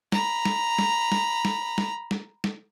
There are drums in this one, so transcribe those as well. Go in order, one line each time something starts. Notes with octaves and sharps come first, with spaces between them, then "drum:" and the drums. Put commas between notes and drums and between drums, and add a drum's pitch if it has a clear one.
A#5 B5, drum: snare
drum: snare
drum: snare
drum: snare
drum: snare
drum: snare
drum: snare
drum: snare